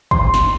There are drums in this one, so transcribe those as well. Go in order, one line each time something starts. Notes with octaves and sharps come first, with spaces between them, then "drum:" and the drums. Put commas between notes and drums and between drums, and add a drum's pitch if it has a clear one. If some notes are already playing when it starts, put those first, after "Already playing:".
C6, drum: kick
drum: snare